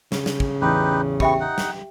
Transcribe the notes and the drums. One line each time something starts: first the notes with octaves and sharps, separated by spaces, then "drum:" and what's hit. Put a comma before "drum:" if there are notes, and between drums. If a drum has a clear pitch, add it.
C#3, drum: snare
drum: snare
drum: kick
A1 E2 E3 D#4 G4 B4
B3 G4 E5 G5 C#6, drum: kick
D#4 F#5
drum: snare